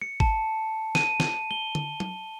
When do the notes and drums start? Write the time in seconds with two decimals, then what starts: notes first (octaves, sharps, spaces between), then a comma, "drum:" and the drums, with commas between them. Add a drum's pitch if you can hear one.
0.02 C#7
0.20 A5, drum: kick G#1
0.95 D#7, drum: snare
1.20 drum: snare
1.51 G7
1.75 drum: tom D3
2.00 drum: tom